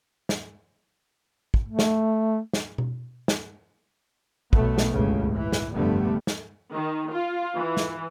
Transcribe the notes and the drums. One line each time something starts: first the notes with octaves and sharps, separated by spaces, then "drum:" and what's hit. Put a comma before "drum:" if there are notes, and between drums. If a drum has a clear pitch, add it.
drum: snare
drum: kick
A3
drum: snare
drum: snare
drum: tom B2
drum: snare
B1 A3 B3, drum: kick
drum: snare
G1 C#2 A2 C#3
E3
drum: snare
F1 G2 D3 G3 A3 B3
drum: snare
D#3
F4
E3
drum: snare